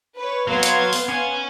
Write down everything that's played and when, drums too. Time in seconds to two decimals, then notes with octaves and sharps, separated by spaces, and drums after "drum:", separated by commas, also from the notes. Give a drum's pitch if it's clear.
0.17 B4 C#5
0.48 F#3 B3 F5 C6 G#6
0.63 drum: hi-hat
0.93 drum: open hi-hat
1.09 C#4 G#5